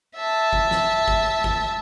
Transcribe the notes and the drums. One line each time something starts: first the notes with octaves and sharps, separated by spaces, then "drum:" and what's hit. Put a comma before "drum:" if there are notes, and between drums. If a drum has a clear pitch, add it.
E5 A5
drum: kick G1
drum: snare
drum: kick G1
drum: kick G1